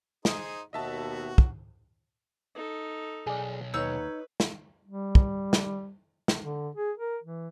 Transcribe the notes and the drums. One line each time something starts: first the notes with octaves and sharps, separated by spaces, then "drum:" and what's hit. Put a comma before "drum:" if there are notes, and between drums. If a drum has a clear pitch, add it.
D#4 G#4 C5, drum: snare
D#2 B2 F#4 D#5 E5 A5
drum: kick
D#4 A4
B1 G#4 D5
D#2 D#4 B4 C#5 E6
drum: snare
G3
drum: kick
drum: snare
drum: snare
D3
G#4
A#4
E3